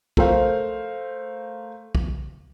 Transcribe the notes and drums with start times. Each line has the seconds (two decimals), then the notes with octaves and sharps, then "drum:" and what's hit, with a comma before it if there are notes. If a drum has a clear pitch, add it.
0.17 A3 A#4 C5 F5, drum: kick
1.95 drum: kick